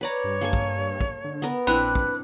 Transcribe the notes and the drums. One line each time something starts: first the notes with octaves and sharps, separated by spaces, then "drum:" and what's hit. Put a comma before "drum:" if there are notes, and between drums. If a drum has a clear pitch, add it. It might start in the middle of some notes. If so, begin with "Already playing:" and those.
B4 C#5 D5 A#5
G2
A#3 A4 G#5
drum: kick
drum: kick
D3
B3 A#4
A#1 C4 D4 E4 B4 F#6
drum: kick